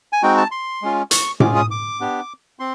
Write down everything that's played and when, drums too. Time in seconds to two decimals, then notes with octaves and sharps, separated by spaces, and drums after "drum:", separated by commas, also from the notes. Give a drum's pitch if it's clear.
0.13 G#5
0.23 G#3 C4 D#4 F#4 G5
0.37 A5
0.51 C6
0.82 G#3 C#4 F4
1.11 C#6, drum: hi-hat
1.40 G#3 C#4 F4 G#4 D6, drum: tom A2
1.56 D#6
1.71 D6
2.00 B3 D4 G4
2.59 C4 C6